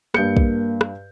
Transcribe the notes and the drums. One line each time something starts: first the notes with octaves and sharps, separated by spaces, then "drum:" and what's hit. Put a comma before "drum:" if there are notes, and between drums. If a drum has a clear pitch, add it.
G2 A#3 G6 C#7, drum: rim click
drum: kick
drum: rim click